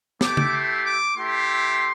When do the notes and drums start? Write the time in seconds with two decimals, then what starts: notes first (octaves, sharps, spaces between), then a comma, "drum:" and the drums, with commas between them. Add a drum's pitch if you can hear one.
0.21 A3 E4 G4 D6, drum: snare
0.37 drum: tom C#3
0.52 C6
0.84 D6
1.16 A3 E4 G4 C6